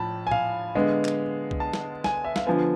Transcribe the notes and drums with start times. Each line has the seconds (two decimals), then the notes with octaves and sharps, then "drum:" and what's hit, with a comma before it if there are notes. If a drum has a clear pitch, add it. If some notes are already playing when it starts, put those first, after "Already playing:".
Already playing: A2 F3 A5 B5
0.27 G#5
0.31 F5, drum: tom
0.75 D3 G#3 B3
1.05 drum: clap
1.51 drum: kick C2
1.60 A5
1.74 drum: snare
2.04 G#5, drum: snare
2.24 E5
2.36 F5, drum: snare
2.47 D3 F3 B3 G#5